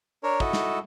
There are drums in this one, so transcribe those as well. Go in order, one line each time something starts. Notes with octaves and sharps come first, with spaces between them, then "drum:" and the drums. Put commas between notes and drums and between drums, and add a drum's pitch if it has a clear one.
D4 A#4 C#5
E4 F#4 A4 D#5, drum: kick
drum: snare